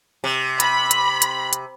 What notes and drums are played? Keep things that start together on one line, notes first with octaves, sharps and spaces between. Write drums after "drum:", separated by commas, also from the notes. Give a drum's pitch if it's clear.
C3
B5, drum: hi-hat
drum: hi-hat
drum: hi-hat
drum: hi-hat